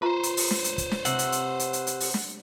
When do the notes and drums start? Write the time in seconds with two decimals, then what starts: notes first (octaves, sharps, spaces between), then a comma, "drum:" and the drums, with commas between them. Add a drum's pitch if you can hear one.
0.02 F4 B4 C5 A#5
0.23 drum: hi-hat
0.37 drum: open hi-hat
0.51 drum: snare
0.64 drum: hi-hat
0.78 drum: kick, hi-hat
0.91 drum: snare
1.05 C3 F#5, drum: hi-hat
1.19 drum: hi-hat
1.32 drum: hi-hat
1.59 drum: hi-hat
1.73 drum: hi-hat
1.87 drum: hi-hat
2.00 drum: open hi-hat
2.14 drum: snare